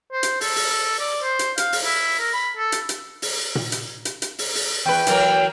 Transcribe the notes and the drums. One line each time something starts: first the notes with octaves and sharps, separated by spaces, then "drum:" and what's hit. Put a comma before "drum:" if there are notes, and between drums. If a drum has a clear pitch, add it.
C5
drum: hi-hat
A4, drum: open hi-hat
drum: open hi-hat
D5
C5
drum: hi-hat
F5, drum: hi-hat
drum: open hi-hat
E4
A#4
B5
A4
drum: hi-hat
drum: hi-hat
drum: open hi-hat
drum: tom A#2
drum: hi-hat
drum: hi-hat
drum: hi-hat
drum: open hi-hat
drum: open hi-hat
E2 B4 G5
E3 F#3 A#4, drum: hi-hat